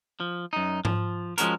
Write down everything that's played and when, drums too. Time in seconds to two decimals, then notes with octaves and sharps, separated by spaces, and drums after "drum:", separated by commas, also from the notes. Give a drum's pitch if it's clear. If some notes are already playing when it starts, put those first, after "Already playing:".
0.20 F3
0.53 F#2 D#4
0.85 F3, drum: tom G#2
1.38 F3 G#3 C#4 F#4 A#4, drum: hi-hat